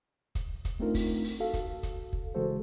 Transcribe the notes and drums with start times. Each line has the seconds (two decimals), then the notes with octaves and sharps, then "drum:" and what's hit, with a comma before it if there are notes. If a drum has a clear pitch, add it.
0.35 drum: kick, hi-hat
0.65 drum: kick, hi-hat
0.80 A3 C4 D4 D#4 F4 A#4
0.94 drum: kick, open hi-hat
1.24 drum: open hi-hat
1.40 F#4 A4 F5
1.53 drum: kick, hi-hat
1.83 drum: kick, hi-hat
2.13 drum: kick
2.35 C#3 E3 G#3 F#4 A4 C5